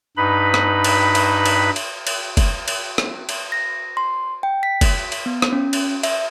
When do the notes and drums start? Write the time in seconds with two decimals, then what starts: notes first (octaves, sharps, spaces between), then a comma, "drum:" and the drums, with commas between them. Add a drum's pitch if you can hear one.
0.17 G2 D#4 B4 B5
0.54 drum: rim click
0.84 drum: cymbal
1.15 drum: cymbal
1.46 drum: cymbal
1.76 drum: cymbal
2.07 drum: cymbal
2.37 drum: kick, cymbal
2.68 drum: cymbal
2.98 drum: rim click
3.29 drum: cymbal
3.52 A#6
3.97 C6
4.43 G5
4.63 B6
4.81 drum: kick, cymbal
5.12 drum: cymbal
5.26 B3
5.42 drum: rim click
5.53 C#4
5.73 drum: cymbal
6.03 E5, drum: cymbal